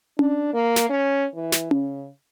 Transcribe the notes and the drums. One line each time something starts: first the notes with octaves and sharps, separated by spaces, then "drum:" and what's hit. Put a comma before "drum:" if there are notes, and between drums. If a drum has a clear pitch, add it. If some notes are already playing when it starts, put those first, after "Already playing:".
D4, drum: tom C#4
A#3
drum: snare
C#4
E3
drum: snare
C#3, drum: tom C#4